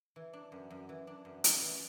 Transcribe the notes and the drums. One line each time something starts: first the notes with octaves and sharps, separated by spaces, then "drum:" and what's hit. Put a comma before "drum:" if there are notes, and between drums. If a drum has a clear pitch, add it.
E3
D4
F#2
F#2
E3
D4
F#2
F#2, drum: hi-hat
E3